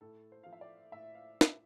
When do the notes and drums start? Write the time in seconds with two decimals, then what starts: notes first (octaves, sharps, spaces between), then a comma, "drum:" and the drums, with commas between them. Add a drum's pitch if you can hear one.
0.01 A2 A4
0.32 C5
0.43 F3 F5
0.53 E5
0.61 D5
0.92 A2 E5
1.15 F5
1.41 drum: snare